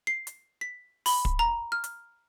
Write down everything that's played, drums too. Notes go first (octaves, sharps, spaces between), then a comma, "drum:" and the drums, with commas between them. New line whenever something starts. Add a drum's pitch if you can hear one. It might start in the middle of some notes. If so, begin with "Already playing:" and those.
C7
drum: hi-hat
B6
B5, drum: open hi-hat
drum: kick
A#5
F6
drum: hi-hat